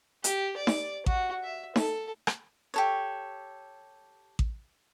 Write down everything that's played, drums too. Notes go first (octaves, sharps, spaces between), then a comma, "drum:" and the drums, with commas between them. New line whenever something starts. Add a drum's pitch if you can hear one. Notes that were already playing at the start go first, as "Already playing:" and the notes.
G4, drum: hi-hat
D5
drum: snare D#4
F#4, drum: kick A1
E5
A4, drum: snare D#4
drum: rim click
G4 A4 C#5
drum: kick A1